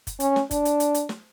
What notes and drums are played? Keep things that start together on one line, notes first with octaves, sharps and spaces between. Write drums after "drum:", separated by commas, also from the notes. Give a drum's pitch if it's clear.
drum: kick, hi-hat
C#4, drum: hi-hat
drum: snare
D4, drum: kick, hi-hat
drum: hi-hat
drum: hi-hat
drum: hi-hat
drum: snare